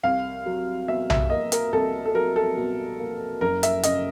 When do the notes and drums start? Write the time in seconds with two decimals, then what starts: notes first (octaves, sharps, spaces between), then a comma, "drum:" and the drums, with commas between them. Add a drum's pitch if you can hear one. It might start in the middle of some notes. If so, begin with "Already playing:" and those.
0.03 C2 F5
0.46 F#3
0.88 B2 E5
1.10 E5, drum: tom B1
1.30 A#3 D#5
1.52 A#4, drum: hi-hat
1.73 C2 A4
2.06 A4
2.14 F#3 A#4
2.36 A4
2.57 B2
2.99 A#3
3.41 F#1 A#4
3.63 E5, drum: hi-hat
3.83 C#3 D#5, drum: hi-hat